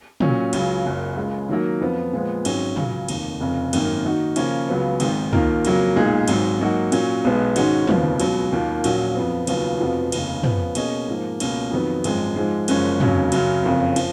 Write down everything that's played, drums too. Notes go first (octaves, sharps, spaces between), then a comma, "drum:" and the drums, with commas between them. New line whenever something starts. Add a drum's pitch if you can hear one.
A#2 F#3 C#4, drum: tom
C#2 C#3 F#3, drum: cymbal
F#1 F#2 C#3
C#2 C#3 G#3
D#3 F#3 A#3
F2 F3 B3
A#2 F3 G#3 B3
G#1 G#2 F#3 C#4, drum: cymbal
C#2 C#3 F#3, drum: tom
F1 D#2 D#3, drum: cymbal
F1 F2 C#3
G#1 F#2 D#3 A#3, drum: cymbal
D#3 A#3 D#4 F#4
C#3 F3 A#3 C#4, drum: cymbal
C#2 C#3 F#3 B3
G#1 G#2 D#3, drum: cymbal
D#2 D#3 A#3 F4 A#4, drum: tom
F2 C#3 F#3 A#3, drum: cymbal
B1 A#2 G#3 D#4 G#4
G#1 G#2 F#3, drum: cymbal
G#2 F#3 A#3 D#4 F#4
A#2 F#3 C#4, drum: cymbal
B1 B2 G#3 B3
G#2 D#3 G#3 C#4 F#4, drum: cymbal
F1 D#2 C#3 F3 B3, drum: tom
C#2 B2 F#3, drum: cymbal
D#2 D#3 A#3 F4
A#1 A#2 F#3 C#4 F#4, drum: cymbal
F2 F3 B3
D#2 C#3 F#3 B3 F4, drum: cymbal
F1 F2 F3 B3 F#4
F1 D#2 C#3, drum: cymbal
C#3 F3 B3, drum: tom
B2 A#3 C#4 G#4 D#5, drum: cymbal
G#2 F3 A#3
C#2 B2 A#3 C#4, drum: cymbal
F2 D#3 F#3 B3
G#1 F#2 F3 G#3, drum: cymbal
G#2 F3 G#3
F#1 F#2 F3 G#3 C#4, drum: cymbal
F1 D#2 C#3 F#3 C#4, drum: tom
F#2 C#3 F#3, drum: cymbal
F#1 F2 C#3
F3, drum: cymbal